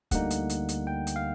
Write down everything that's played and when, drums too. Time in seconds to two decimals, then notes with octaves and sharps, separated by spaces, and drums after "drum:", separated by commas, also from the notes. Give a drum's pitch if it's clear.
0.11 D2 D3 G3 A#3 D#4 F#5, drum: kick, hi-hat
0.30 drum: hi-hat
0.49 drum: hi-hat
0.69 drum: hi-hat
0.87 G5
1.07 drum: hi-hat
1.16 F5